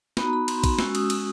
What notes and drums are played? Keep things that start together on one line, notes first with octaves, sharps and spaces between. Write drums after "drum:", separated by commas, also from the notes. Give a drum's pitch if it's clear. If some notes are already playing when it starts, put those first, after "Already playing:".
B3 D#4 F#4 B5, drum: snare
A#5
B5
C6, drum: cymbal
drum: kick, cymbal
G#3 C#4 F#4 E6, drum: snare
D#6, drum: cymbal
D#6, drum: cymbal